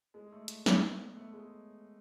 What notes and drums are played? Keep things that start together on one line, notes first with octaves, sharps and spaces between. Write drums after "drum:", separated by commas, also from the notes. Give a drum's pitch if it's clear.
G#3
A3
A3, drum: hi-hat
A3, drum: snare
A3
B3
A3
G#3